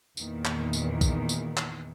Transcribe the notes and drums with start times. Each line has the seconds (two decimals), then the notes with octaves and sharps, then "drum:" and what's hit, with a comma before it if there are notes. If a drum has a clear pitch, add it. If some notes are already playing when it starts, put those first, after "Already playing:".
0.17 E2 A#2 D#3 E3, drum: tambourine
0.45 drum: clap
0.73 drum: tambourine
1.01 drum: kick B1, tambourine
1.29 drum: tambourine
1.57 drum: clap